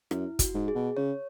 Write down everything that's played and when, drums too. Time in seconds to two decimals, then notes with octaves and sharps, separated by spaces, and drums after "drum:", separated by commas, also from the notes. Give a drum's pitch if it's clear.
0.11 F#2 E4, drum: rim click
0.39 F#4, drum: kick, hi-hat
0.54 G#2
0.68 G#4
0.75 B2
0.97 C#3 C#5